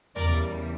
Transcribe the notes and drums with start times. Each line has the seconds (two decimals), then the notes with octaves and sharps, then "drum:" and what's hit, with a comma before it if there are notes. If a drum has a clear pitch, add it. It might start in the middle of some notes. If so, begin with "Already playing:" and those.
0.16 E2 C#3 E3 G3 A#4 D5, drum: tom